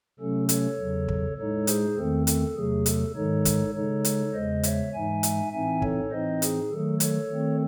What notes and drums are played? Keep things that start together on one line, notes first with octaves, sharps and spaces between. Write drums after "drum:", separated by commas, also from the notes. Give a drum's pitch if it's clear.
C3 F#3 A3 C#4 A4
A4 C#5, drum: hi-hat
E2 C#3 F#3
drum: kick
A2 G#3 D#4 A4 C#5
G#4 C5, drum: hi-hat
E2 D#3 A3 C4 A4
A4, drum: hi-hat
E2 C3 F#3 A3 G#4
A4, drum: hi-hat
G#2 D#3 G#3 D#4 A4 C#5
drum: kick, hi-hat
C#3 G#3 D#4 A4 C#5
drum: hi-hat
E2 C#3 G#3 C5 D#5
C#5 E5, drum: hi-hat
G#2 E3 G#3 D#4 E5 G#5
drum: hi-hat
A2 E3 C4 D#4 E5 G#5
A4 C#5, drum: kick
A2 E3 C4 D#4 C5 D#5
G#4, drum: hi-hat
D#3 F#3 A3 A4
A4 C#5, drum: hi-hat
D#3 A3 C4